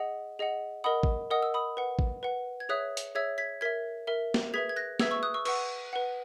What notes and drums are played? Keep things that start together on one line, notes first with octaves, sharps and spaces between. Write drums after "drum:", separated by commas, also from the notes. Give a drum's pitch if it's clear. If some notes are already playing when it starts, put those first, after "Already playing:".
Already playing: G#4 D#5 F#5
G#4 D#5 F#5
A#4 D#5 F#5 B5 D#6
drum: kick
A#4 D#5 F#5 D#6
E6
B5 D#6
B4 F#5
drum: kick
B4 F#5
G#6
G#4 C#5 E5 D#6 F#6
drum: hi-hat
G#4 C#5 E5 E6 G#6
G#6 B6
A#4 E5 G#6 B6
A#4 E5
drum: snare
G#4 B4 E5 G#6 B6
G#6
F#6 A#6
G#4 B4 E5 E6 G#6, drum: snare
C#6 E6
D#6 F#6
C#6 E6
B4 F#5 C#6 E6, drum: cymbal
B4 F#5